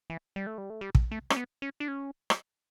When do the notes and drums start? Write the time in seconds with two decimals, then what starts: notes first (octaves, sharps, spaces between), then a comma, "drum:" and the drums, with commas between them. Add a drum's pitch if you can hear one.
0.10 E3
0.36 G3
0.47 A3
0.58 G3
0.70 A3
0.81 G3
0.95 drum: kick
1.11 A3
1.30 C#4, drum: rim click
1.36 B3
1.62 C#4
1.80 D4
1.88 C#4
2.30 drum: rim click